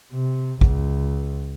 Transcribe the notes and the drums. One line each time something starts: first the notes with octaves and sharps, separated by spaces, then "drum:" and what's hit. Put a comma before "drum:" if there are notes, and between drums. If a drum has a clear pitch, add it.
C3
C#2, drum: kick A1